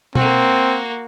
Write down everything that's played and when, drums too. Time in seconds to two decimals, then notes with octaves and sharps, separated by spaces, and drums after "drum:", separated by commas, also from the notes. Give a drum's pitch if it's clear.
0.15 A#3 C4 F#4, drum: tom B2